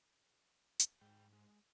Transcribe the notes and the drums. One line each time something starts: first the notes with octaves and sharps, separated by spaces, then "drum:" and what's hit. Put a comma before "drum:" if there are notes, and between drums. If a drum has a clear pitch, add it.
drum: hi-hat
G#2 G#3 G5
G#3